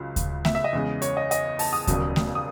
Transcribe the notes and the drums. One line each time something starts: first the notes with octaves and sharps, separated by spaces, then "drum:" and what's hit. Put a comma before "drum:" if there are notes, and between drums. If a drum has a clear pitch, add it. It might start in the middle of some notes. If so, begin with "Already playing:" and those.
Already playing: C#2 C#3 F#3
drum: kick D2, hi-hat
E5, drum: snare A3
E5
D#5
E2 C#3 G#3
C#5, drum: hi-hat
D#5
D#5, drum: hi-hat
A5, drum: open hi-hat
D#6
E1 D#2 C#3 F#3, drum: kick D2, hi-hat
drum: snare A3
D#6